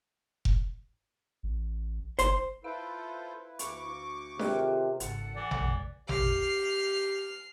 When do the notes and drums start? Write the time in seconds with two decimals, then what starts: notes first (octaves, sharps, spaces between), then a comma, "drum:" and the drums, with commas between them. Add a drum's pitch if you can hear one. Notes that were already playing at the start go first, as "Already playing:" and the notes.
0.45 drum: kick F1
1.43 A1
2.19 G1 C5 C6, drum: hi-hat
2.64 E4 F4 A4 B4 C5 F5
3.59 D2 C#6 D6, drum: hi-hat
4.39 C3 D#3 F4 G#4 A4, drum: snare D4
5.00 G#1 C#3 A4 F#5, drum: hi-hat
5.36 E3 D5
5.51 C3 G#3, drum: tom A1
6.09 G4 F6 C7, drum: tom A1